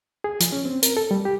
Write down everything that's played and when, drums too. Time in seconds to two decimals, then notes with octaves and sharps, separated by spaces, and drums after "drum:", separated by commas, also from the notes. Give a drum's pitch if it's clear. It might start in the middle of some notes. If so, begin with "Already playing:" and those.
0.24 G#4
0.40 F3, drum: hi-hat
0.52 C#4
0.65 C4
0.83 A#4, drum: hi-hat
0.97 A4
1.11 G3
1.25 G4